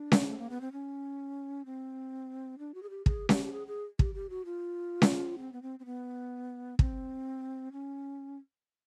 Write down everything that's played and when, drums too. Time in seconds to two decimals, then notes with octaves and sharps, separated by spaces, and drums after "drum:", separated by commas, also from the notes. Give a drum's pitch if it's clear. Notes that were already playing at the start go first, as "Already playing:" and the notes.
Already playing: D4
0.12 drum: snare C#4
0.27 A3
0.38 A#3
0.50 B3
0.61 C4
0.72 C#4
1.66 C4
2.59 D4
2.74 F#4
2.83 G#4
2.90 G4
3.06 G#4, drum: kick
3.29 G4, drum: snare C#4
3.44 G4
3.52 G#4
3.67 G#4
3.99 G4, drum: kick
4.14 G4
4.30 F#4
4.45 F4
5.02 drum: snare C#4
5.39 C4
5.53 B3
5.62 C4
5.79 C4
5.86 B3
6.79 C4, drum: kick
7.72 C#4